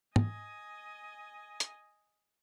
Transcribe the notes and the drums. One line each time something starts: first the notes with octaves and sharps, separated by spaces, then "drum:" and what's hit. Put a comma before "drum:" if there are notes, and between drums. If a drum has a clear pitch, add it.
D#5 G#5, drum: tom
drum: hi-hat